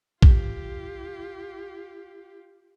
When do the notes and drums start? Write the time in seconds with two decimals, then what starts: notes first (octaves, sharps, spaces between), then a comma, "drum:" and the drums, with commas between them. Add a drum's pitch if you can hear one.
0.22 F4 G4, drum: kick